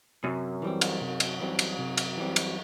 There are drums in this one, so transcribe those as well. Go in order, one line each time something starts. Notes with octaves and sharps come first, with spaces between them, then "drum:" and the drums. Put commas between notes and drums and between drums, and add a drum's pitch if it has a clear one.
F#2 C3
E3 G3 C4
drum: cymbal
C3
drum: cymbal
E3 G3 C4
drum: cymbal
C3
drum: cymbal
E3 G3 C4
drum: cymbal